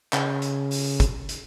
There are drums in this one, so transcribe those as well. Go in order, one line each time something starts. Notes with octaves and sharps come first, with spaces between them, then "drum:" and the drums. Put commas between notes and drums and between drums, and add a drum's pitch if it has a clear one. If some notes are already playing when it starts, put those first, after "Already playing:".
C#3, drum: clap
drum: hi-hat
drum: open hi-hat
drum: kick, hi-hat
drum: hi-hat